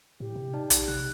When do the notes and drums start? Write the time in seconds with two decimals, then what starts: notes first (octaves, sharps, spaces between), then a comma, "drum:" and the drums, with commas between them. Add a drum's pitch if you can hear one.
0.20 A2 G4
0.35 C3
0.53 D#4 D5 A5
0.70 A#1, drum: hi-hat
0.88 C3 F#6